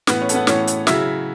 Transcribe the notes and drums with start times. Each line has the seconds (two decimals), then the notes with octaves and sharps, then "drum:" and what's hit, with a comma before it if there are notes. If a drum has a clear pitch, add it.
0.07 A2 E3 B3 B4, drum: snare
0.21 C#4 C#5
0.29 A4, drum: hi-hat
0.34 B3 B4
0.47 A2 E3 C#4 C#5, drum: snare
0.67 drum: hi-hat
0.87 C#3 F#3 E4 E5, drum: snare